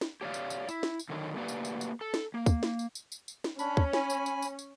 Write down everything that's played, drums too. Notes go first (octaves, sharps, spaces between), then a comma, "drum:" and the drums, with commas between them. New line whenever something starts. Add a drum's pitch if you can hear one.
drum: snare
G4 C#5 D5 F5
drum: tambourine
drum: tambourine
E4, drum: tambourine
drum: snare
drum: tambourine
D3 D#3 F#3 A#4 C5 C#5
A3 A#3 F#4 G4 B4 D5
drum: tambourine
drum: tambourine
drum: tambourine
A4
drum: snare
A#3
drum: kick, tambourine
drum: snare
drum: tambourine
drum: tambourine
drum: tambourine
drum: tambourine
drum: snare
C#4 D4 B5, drum: tambourine
drum: kick
G#5 B5, drum: snare
drum: tambourine
drum: tambourine
drum: tambourine
drum: tambourine